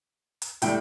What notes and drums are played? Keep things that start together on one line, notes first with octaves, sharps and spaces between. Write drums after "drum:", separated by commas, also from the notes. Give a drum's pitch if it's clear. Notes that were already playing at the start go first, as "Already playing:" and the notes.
drum: hi-hat
A2 G3 G5, drum: hi-hat